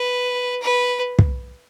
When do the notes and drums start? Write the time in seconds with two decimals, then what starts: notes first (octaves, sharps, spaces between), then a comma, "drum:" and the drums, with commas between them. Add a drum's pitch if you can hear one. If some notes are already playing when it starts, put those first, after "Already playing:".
Already playing: B4
0.62 B4
1.19 drum: kick